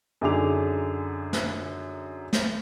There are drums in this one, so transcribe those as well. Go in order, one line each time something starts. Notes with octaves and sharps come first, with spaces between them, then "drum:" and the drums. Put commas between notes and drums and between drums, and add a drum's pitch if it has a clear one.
F#2 D3 D#4 G#4 D6 F7
drum: snare
drum: snare